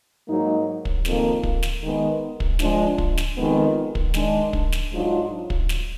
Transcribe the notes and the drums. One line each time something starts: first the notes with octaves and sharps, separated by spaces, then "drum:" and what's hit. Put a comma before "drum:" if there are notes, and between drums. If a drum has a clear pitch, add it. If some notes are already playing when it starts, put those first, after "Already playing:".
G#2 F#3 A#3 D#4
drum: kick
F2 D#3 A#3, drum: snare
drum: kick
drum: snare
D#3 G#3 B3
drum: kick
F3 G#3 D4, drum: snare
drum: kick
drum: snare
F2 D#3 G#3 B3
drum: kick
D#3 G#3 D4, drum: snare
drum: kick
drum: snare
G#2 F#3 D4 F4
drum: kick
drum: snare